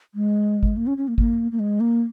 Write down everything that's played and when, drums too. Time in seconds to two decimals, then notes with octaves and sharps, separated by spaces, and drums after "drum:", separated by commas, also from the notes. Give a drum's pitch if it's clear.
0.15 G#3
0.63 drum: kick G#1
0.77 A#3
0.87 C#4
0.97 C#4
1.08 A#3
1.18 A#3, drum: kick G#1
1.52 A#3
1.59 G#3
1.80 A#3